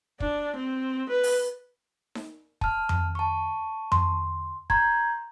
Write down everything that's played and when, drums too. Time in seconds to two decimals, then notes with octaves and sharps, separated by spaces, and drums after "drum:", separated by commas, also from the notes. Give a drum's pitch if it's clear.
0.20 D4, drum: kick
0.56 C4
1.09 B4
1.23 drum: open hi-hat
2.15 drum: snare D#4
2.61 A5 F6, drum: kick
2.89 drum: tom F2
3.15 A5 C#6
3.92 C6, drum: tom F2
4.70 A#5 C6 G6 G#6, drum: kick